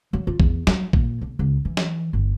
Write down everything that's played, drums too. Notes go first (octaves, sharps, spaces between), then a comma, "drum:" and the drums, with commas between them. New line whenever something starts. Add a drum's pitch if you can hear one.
F#3
F4
E2, drum: kick A#1
F#3, drum: snare
A#2, drum: kick A#1
B1
C#2
E3
drum: snare
G1